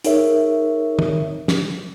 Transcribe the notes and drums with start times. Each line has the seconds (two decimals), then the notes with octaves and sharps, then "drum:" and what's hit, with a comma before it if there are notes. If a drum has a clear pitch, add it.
0.04 D#4 G#4 A#4 C#5 E5, drum: hi-hat
0.99 drum: tom
1.48 drum: snare